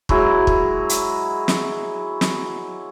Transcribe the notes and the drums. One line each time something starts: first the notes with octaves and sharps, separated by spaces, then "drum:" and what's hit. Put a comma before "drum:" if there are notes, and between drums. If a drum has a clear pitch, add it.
F#3 G#3 E4, drum: kick
drum: kick
drum: hi-hat
drum: snare
drum: snare